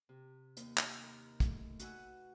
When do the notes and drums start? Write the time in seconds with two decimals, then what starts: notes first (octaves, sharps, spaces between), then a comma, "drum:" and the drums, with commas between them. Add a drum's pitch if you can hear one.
0.09 C3
0.57 D#2, drum: hi-hat
0.77 drum: clap
1.04 A#4
1.40 A3, drum: kick, hi-hat
1.80 F#4 B4 F#5 G#5 E6, drum: hi-hat